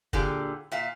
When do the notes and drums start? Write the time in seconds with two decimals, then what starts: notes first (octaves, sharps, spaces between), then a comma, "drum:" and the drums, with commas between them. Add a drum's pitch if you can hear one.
0.13 A#2 D3 G4 G#4, drum: kick
0.72 A#2 E5 F5